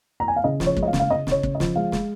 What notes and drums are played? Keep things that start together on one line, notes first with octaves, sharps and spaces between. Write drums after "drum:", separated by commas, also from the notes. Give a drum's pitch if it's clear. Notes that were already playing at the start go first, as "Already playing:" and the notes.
A#5
G#5
F5
C#3 D#5
F3, drum: snare
C#5
G#3, drum: kick
D#5
F5
C#3, drum: snare
F5
C#3 D#5
C#3 C#5, drum: snare
C#3, drum: kick
D#5
F3, drum: snare
G#3 F5
G#3, drum: snare